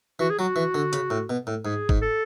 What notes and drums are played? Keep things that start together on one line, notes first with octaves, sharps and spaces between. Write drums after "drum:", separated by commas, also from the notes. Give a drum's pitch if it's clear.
E3 F#4
G#4
F#3 F#4
E3
D3
C#3, drum: hi-hat
A2
B2
A2
G#2 G#4
G#2, drum: kick
A4